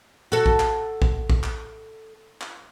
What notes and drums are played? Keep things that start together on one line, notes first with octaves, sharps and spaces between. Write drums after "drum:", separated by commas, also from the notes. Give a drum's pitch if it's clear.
F#4 A4
drum: kick
drum: clap
drum: kick
drum: kick
drum: clap
drum: clap